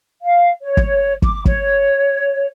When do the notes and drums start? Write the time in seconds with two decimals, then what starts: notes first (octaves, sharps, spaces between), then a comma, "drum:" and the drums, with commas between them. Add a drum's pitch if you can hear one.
0.23 F5
0.62 C#5
0.77 drum: kick
1.22 D6, drum: kick
1.45 C#5, drum: kick